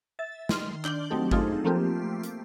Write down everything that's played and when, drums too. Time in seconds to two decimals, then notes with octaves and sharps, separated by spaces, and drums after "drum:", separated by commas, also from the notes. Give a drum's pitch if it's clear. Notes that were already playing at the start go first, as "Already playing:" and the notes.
0.19 E5 A6
0.49 D#3 C6 F6, drum: snare
0.85 D4 D6 G6 F#7 G7, drum: clap
1.10 F#3 A3 C4 D#4 G4 A4
1.31 A3 C4 D#4 F4 G#4 A4, drum: kick G#1
1.64 F3 A3 A#3 C4 F4 G4
2.23 drum: hi-hat